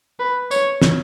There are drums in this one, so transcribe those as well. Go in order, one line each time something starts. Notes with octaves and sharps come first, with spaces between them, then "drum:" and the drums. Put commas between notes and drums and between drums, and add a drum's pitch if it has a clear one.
B4
C#5, drum: tambourine
drum: snare